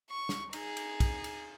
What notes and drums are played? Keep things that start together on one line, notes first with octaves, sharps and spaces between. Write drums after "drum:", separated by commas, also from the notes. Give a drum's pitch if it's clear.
C#6
drum: snare
D#4 G#4, drum: cymbal
drum: cymbal
drum: kick, cymbal
drum: cymbal